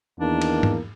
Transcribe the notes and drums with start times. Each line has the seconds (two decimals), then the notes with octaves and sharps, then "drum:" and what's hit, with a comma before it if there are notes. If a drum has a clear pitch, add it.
0.20 E2 D#3 A#3 D4
0.41 drum: cymbal
0.63 drum: tom